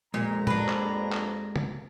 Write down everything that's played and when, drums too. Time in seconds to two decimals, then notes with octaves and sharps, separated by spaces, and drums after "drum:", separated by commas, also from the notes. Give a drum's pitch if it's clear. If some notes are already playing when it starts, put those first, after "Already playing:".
0.14 A#1 F2 A#2 G#3 G4 A#4 A#5
0.47 D4 B4, drum: tom
0.69 drum: clap
1.12 drum: clap
1.56 drum: tom